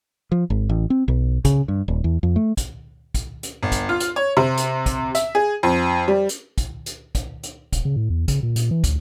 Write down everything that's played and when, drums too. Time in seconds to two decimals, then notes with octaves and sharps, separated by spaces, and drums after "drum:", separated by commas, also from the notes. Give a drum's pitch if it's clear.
0.32 F3
0.50 G#1
0.69 A1
0.90 C4
1.08 B1
1.45 C#3, drum: kick, hi-hat
1.68 G2
1.88 D#1
2.04 E2
2.23 F2
2.36 A3
2.57 drum: kick, hi-hat
3.14 drum: kick, hi-hat
3.43 drum: hi-hat
3.63 G1
3.72 drum: kick, hi-hat
3.89 F4
4.00 drum: hi-hat
4.16 C#5
4.37 C3
4.57 drum: hi-hat
4.86 drum: kick, hi-hat
5.15 E5, drum: hi-hat
5.35 G#4
5.63 F2
6.08 G3
6.29 drum: hi-hat
6.58 drum: kick, hi-hat
6.86 drum: hi-hat
7.15 drum: kick, hi-hat
7.43 drum: hi-hat
7.73 D#1, drum: kick, hi-hat
7.85 C#3
7.96 A2
8.10 E2
8.28 C#3, drum: kick, hi-hat
8.43 A#2
8.56 A#2, drum: hi-hat
8.71 E3
8.84 D2, drum: kick, hi-hat